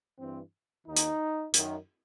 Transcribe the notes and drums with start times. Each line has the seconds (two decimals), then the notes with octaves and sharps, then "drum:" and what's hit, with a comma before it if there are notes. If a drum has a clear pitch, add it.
0.19 G2 E3 C4
0.87 D#2 D#3 D#4
0.97 drum: hi-hat
1.54 F#2 D#3, drum: hi-hat